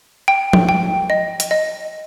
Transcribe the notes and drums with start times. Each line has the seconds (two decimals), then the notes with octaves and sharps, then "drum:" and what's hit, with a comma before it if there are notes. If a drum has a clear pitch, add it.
0.28 G5
0.53 drum: tom F3
0.69 G5
1.10 D#5
1.40 drum: hi-hat
1.51 D#5